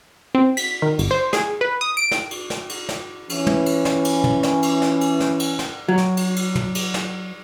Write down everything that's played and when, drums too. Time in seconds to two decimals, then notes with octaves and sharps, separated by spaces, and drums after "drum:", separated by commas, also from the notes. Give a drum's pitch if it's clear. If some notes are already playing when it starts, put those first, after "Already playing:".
0.35 C4
0.57 B6, drum: cymbal
0.82 D#3
0.99 G1, drum: cymbal
1.11 C5
1.33 G#4, drum: snare
1.61 B4
1.81 D#6
1.97 D7
2.11 drum: snare
2.31 drum: cymbal
2.50 drum: snare
2.69 drum: cymbal
2.89 drum: snare
3.29 E3 C#4, drum: cymbal
3.47 drum: tom
3.66 drum: cymbal
3.85 drum: snare
4.05 drum: cymbal
4.24 drum: tom
4.43 drum: snare
4.62 drum: cymbal
4.82 drum: snare
5.01 drum: cymbal
5.20 drum: snare
5.40 drum: cymbal
5.59 drum: snare
5.88 F#3
5.98 drum: snare
6.17 drum: cymbal
6.36 drum: cymbal
6.55 drum: tom
6.75 drum: cymbal
6.94 drum: snare